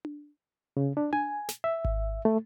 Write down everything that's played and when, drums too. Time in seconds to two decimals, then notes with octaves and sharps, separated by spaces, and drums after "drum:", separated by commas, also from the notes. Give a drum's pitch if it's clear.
0.05 drum: tom D4
0.77 C#3
0.97 D4
1.13 G#5, drum: tom D4
1.49 drum: snare
1.64 E5
1.85 drum: kick G#1
2.25 A3